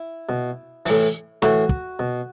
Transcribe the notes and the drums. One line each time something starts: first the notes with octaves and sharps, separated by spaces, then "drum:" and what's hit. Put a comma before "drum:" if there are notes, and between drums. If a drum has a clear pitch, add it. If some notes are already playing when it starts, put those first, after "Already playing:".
Already playing: E4
B2
A2 E3, drum: open hi-hat
A2 E3 F#4, drum: snare
drum: kick
B2